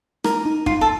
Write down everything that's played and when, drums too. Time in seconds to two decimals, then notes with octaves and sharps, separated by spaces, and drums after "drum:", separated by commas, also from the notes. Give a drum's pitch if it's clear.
0.24 D#4 A#4, drum: rim click
0.46 D#4
0.66 D#4 F4, drum: kick F#2
0.81 A4